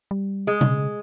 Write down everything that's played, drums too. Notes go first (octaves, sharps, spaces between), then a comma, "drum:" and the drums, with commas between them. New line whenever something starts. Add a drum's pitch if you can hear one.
G3
G#3
C#3, drum: tom B2